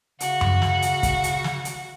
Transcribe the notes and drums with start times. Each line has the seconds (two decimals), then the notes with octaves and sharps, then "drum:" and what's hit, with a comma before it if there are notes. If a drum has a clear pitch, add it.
0.20 C#3 F#4, drum: hi-hat
0.41 drum: tom F#2
0.62 drum: snare
0.82 drum: hi-hat
1.03 drum: kick, hi-hat
1.24 drum: hi-hat
1.44 drum: snare
1.65 drum: hi-hat